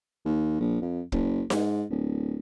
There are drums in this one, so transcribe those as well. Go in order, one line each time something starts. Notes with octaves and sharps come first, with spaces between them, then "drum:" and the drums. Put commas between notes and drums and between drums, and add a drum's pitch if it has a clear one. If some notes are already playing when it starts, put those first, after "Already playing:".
D#2
A#1
F2
F#1, drum: kick
G#2, drum: snare D#4
D1